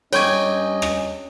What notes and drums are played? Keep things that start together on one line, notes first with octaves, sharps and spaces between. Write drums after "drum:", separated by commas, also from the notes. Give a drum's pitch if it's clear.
G2 C#4 C#5 D#5 G5 G#5 C#6 D6, drum: cymbal
drum: rim click